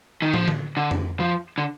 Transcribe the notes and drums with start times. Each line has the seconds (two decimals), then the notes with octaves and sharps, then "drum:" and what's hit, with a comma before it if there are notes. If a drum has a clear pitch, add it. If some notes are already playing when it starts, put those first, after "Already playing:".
0.22 D#3
0.34 F3, drum: tom
0.48 drum: tom D3
0.77 D3
0.91 drum: tom F2
1.20 F3
1.58 D3